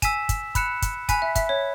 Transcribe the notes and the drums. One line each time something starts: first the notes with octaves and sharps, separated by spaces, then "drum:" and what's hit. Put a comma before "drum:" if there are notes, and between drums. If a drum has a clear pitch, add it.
G#5 E6 B6 E7, drum: kick, hi-hat
drum: kick, hi-hat
B5 F#6 C#7 E7, drum: kick, hi-hat
drum: kick, hi-hat
G#5 B5 F#6 B6, drum: kick, hi-hat
E5
E5, drum: kick, hi-hat
C#5